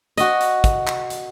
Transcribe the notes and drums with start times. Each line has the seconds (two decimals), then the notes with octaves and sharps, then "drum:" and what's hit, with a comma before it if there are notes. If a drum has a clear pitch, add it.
0.17 F#4 D#5, drum: hi-hat
0.41 drum: hi-hat
0.64 drum: kick, hi-hat
0.87 drum: clap
1.10 drum: hi-hat